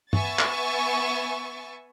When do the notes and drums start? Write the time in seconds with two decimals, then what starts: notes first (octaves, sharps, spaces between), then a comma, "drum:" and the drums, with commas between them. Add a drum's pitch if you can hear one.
0.13 B3 E5 G#5 C#6 A6, drum: tom G2
0.39 drum: clap